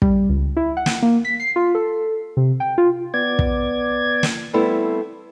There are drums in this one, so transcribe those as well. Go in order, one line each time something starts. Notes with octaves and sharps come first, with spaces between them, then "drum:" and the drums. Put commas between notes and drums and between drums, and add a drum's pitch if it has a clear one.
G3, drum: kick
C#2
E4
F#5
drum: snare
A#3
B6
C7
F4
A4
C3
G5
F4
B3 D5 G#6
drum: kick
drum: snare
G3 A3 B3 C4 E4 A4